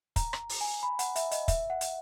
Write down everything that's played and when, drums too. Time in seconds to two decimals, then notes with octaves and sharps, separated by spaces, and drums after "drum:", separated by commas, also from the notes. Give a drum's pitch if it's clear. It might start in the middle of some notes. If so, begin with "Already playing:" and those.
0.16 A#5, drum: kick, hi-hat
0.33 drum: rim click
0.49 drum: open hi-hat
0.61 G#5
0.83 B5
0.99 F#5, drum: hi-hat
1.16 E5, drum: hi-hat
1.31 D#5, drum: hi-hat
1.48 E5, drum: kick, hi-hat
1.70 F#5
1.81 drum: hi-hat